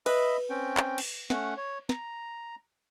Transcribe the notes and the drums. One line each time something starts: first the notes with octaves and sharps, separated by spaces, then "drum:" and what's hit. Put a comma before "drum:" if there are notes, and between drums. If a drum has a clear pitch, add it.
B4 D#5 E5 B5, drum: cymbal
C4 C#4 G5
drum: clap
drum: cymbal
A3 C#4 F#5, drum: snare
C#5
A#5, drum: snare